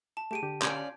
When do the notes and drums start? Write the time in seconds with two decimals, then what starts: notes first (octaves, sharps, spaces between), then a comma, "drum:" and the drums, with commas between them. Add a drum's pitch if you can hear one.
0.17 A5
0.31 A3 G4 G#4 A5 D7 D#7
0.43 D3 G4
0.62 C#4 F4 D5 G6 G#6 D7, drum: clap